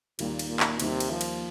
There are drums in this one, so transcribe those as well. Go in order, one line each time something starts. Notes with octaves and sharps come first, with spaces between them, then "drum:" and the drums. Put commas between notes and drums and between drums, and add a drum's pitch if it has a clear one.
D#2 A#2 D#3 G3 A#3 D#4, drum: cymbal
drum: cymbal
A#2
drum: clap
D#2 C3 D#3 G3 A#3 D#4, drum: cymbal
drum: cymbal
F3
drum: cymbal